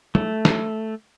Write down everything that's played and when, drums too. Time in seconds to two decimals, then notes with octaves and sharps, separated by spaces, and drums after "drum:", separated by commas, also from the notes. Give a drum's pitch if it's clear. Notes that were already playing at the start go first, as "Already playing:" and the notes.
0.15 A3, drum: tom
0.45 drum: snare